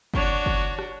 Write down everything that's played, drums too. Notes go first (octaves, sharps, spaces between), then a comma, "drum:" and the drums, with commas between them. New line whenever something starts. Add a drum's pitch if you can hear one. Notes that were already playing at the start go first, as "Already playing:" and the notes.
D4 F#4 C#5, drum: kick F#1
drum: kick F#1
drum: rim click